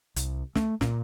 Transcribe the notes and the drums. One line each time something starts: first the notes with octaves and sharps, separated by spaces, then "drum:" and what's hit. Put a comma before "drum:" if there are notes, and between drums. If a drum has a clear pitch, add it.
C2, drum: hi-hat
A3, drum: snare
A#2, drum: snare